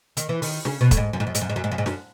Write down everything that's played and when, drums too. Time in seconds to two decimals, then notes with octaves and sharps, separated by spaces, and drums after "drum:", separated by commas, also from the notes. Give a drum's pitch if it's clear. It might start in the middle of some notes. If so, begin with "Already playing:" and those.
0.17 D#3, drum: hi-hat
0.29 E3
0.42 D#3, drum: open hi-hat
0.65 C#3, drum: snare
0.81 B2
0.91 A2, drum: kick, hi-hat
0.97 G#2
1.13 F#2
1.20 G#2
1.27 F#2
1.35 G#2, drum: hi-hat
1.41 F#2
1.50 G#2
1.56 F#2
1.64 G#2
1.71 F#2
1.78 G#2
1.86 F#2, drum: snare